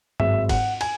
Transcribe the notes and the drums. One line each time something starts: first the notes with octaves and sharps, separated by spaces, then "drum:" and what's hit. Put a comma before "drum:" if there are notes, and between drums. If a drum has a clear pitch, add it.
G#1 G#2 F#3 E5, drum: tom G2
F#5, drum: kick, cymbal
G#5, drum: cymbal